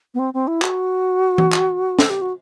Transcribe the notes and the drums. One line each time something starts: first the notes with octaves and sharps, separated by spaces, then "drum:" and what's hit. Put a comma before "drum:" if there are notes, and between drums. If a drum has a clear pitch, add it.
B3
C4
C4
E4
F#4, drum: clap
drum: tom E3
drum: clap
A4, drum: snare
G4
F#4